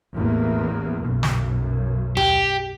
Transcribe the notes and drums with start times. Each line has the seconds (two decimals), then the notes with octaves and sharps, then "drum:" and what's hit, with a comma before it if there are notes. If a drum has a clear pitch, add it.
0.14 A1 E2 A#3
1.02 B1 F#2
1.23 drum: snare
2.17 G4, drum: tom D#2